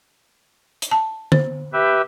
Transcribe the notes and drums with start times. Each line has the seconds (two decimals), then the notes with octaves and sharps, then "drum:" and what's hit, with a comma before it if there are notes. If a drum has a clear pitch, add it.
0.82 drum: hi-hat
0.91 A5
1.32 C5, drum: tom D3
1.73 G4 B4 E5